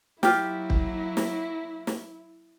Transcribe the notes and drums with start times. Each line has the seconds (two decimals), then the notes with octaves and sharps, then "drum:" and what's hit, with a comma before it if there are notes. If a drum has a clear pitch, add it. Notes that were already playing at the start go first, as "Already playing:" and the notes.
0.23 F#3 A#3 E4 F4 G4, drum: snare
0.70 drum: kick
1.17 drum: snare
1.87 drum: snare